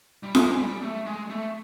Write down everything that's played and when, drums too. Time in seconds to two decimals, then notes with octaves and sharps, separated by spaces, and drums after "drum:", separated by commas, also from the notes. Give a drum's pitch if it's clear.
0.23 G3
0.35 G#3, drum: snare F4
0.58 G3
0.82 A3
1.06 G#3
1.30 A3